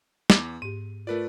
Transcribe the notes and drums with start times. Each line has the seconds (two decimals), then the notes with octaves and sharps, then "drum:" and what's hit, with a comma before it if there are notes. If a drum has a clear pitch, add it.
0.30 E2 B3 D6, drum: snare
0.62 G#2 G4 D#7
1.07 A3 F4 A#4 B4 D5